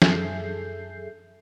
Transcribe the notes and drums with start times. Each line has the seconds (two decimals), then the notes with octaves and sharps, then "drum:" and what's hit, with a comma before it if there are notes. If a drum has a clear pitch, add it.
0.02 F#2 G#4 A4 E5 G6 C7, drum: snare